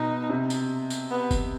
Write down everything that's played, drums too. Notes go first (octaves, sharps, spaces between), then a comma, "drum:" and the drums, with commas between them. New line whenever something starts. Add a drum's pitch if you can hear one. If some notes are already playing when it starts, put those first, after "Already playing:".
Already playing: B2 D#4
C3
drum: tambourine
drum: tambourine
B3
drum: kick F#1, tambourine